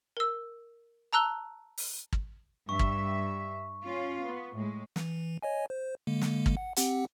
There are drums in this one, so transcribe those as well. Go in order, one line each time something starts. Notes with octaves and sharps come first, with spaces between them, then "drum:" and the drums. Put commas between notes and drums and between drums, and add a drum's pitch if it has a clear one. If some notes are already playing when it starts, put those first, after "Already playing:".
A#4 E6
A5 A#5 E6 F#6 G7
drum: open hi-hat
drum: kick
G2 E5 C#6
drum: kick
C#4 F4
B3
A2 G#3
E3, drum: snare
C#5 D#5 G#5
C5
D3 G#3 A#3
drum: snare
drum: kick
F#5
C4 G4 F#5, drum: hi-hat